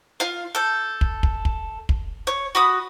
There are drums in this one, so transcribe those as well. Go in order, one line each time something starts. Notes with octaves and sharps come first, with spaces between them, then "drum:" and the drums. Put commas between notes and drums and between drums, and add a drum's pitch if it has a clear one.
F4 F5
A4 G6
drum: kick
drum: kick
drum: kick
drum: kick
C#5
F#4 B5 D#6